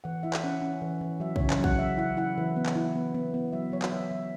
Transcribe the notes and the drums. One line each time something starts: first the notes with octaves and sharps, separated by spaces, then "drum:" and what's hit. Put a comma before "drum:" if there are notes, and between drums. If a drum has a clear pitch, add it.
E3 F#5
E4 E5
drum: clap
C#4 F#5
C#4
E3
E3
F#3 E5
C#5, drum: kick
C#3
C#5, drum: clap
F#3
F#5, drum: kick
F#3 E5
E4 F#5
E4 F#5
E3
B3
drum: clap
E4
B3
B3
B3
F#3 E5
F#3 C#5
drum: clap
F#3 E5
F#3 E5